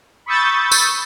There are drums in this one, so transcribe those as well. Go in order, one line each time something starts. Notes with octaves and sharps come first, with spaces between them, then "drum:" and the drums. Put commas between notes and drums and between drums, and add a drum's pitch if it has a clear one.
B5 C#6 D#6 E6 G6 A6
drum: tambourine